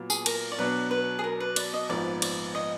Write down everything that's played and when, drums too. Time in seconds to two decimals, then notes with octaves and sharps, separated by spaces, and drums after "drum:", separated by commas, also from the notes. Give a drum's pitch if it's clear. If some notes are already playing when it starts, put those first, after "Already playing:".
Already playing: A#2 F#3 B3
0.10 G#4, drum: tambourine
0.26 A#4, drum: cymbal
0.52 D5
0.59 B2 F#3 D4 B4
0.91 B4
1.19 G#4
1.24 A#4
1.40 B4
1.56 D5, drum: cymbal
1.74 D#5
1.90 A#1 G#2 F3 B3 D#4 D5
2.22 D5, drum: cymbal
2.55 D#5